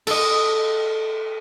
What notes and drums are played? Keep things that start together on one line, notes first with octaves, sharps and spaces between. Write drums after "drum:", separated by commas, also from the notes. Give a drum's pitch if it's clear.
A4 D#5, drum: cymbal